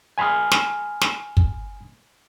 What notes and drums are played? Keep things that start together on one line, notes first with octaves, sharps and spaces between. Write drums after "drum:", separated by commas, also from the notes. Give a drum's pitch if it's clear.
G#5 B5 C6 D#6 F6
drum: snare
drum: snare
drum: kick